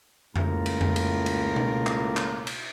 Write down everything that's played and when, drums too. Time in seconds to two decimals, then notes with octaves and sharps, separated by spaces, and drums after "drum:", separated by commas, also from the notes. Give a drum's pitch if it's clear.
0.36 C#2 A2 A#3 F4 A#5, drum: tom F2
0.66 drum: cymbal
0.81 drum: tom F2
0.96 drum: cymbal
1.26 drum: cymbal
1.56 drum: tom B2
1.86 drum: clap
2.17 drum: clap
2.47 drum: cymbal